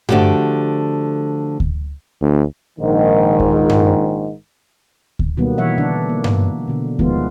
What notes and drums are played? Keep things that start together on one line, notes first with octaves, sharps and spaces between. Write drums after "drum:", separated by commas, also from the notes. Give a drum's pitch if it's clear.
D3 F3 A3 F#4 G4, drum: tom G2
drum: kick D2
D2
A#1 G#2 D#3
drum: kick D2
drum: tom G2
drum: kick D2
B2 D#3 F#3 G3 A#3 B3
B2 E3 F#3 C#5 E5 F#5
D3 D4 F#5
A#3
drum: tom G2
B2 D3
D#3 F3 G#3 A3 B3 F4, drum: kick D2